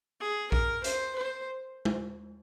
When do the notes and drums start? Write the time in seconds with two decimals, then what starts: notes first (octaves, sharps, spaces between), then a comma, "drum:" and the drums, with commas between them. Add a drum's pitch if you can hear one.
0.21 G#4
0.52 A#4, drum: kick A#1
0.84 C5, drum: hi-hat
1.16 C5
1.85 drum: tom G#3